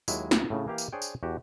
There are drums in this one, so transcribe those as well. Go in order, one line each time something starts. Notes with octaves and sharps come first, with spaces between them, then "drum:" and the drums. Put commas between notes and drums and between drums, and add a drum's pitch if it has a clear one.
D#2 F#3 G#3 E4, drum: tambourine
drum: snare
A2 C#3
E3 A#3 G4 F5
drum: tambourine
D4 G#4 C5 C#5 G5
drum: tambourine
E2 F#4 G4